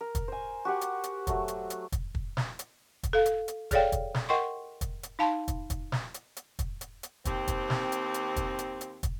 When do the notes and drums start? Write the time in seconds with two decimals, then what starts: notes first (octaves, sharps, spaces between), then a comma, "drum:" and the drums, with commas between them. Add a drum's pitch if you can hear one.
0.01 A#4
0.15 drum: kick, hi-hat
0.28 C5 G#5
0.65 F#4 G4 F#5
0.81 drum: hi-hat
1.04 drum: hi-hat
1.27 F#3 A3 F#4, drum: kick, hi-hat
1.48 drum: hi-hat
1.70 drum: hi-hat
1.92 drum: kick, hi-hat
2.15 drum: kick
2.37 drum: snare
2.59 drum: hi-hat
3.03 drum: kick, hi-hat
3.13 A4 F5
3.26 drum: hi-hat
3.48 drum: hi-hat
3.71 G#4 A4 C#5 D5 F5 G5, drum: kick, hi-hat
3.92 drum: kick, hi-hat
4.14 drum: snare
4.29 A#4 D#5 F#5 G5 C6 C#6
4.81 drum: kick, hi-hat
5.03 drum: hi-hat
5.19 D#4 F5 A5 B5 C6
5.48 drum: kick, hi-hat
5.70 drum: kick, hi-hat
5.92 drum: snare
6.14 drum: hi-hat
6.37 drum: hi-hat
6.59 drum: kick, hi-hat
6.81 drum: hi-hat
7.03 drum: hi-hat
7.25 D#2 C4, drum: kick, hi-hat
7.48 drum: kick, hi-hat
7.70 drum: snare
7.92 drum: hi-hat
8.14 drum: hi-hat
8.36 drum: kick, hi-hat
8.59 drum: hi-hat
8.81 drum: hi-hat
9.03 drum: kick, hi-hat